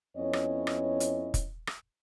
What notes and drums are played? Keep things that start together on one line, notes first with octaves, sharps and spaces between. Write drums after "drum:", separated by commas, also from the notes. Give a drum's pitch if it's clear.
F2 B3 C#4 E4 C#5 D#5
drum: rim click
drum: rim click
drum: hi-hat
drum: kick, hi-hat
drum: rim click